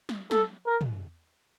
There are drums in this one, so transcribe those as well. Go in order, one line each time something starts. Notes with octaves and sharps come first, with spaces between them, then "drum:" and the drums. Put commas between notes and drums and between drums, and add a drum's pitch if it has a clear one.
drum: snare
A4, drum: snare
A#4
drum: tom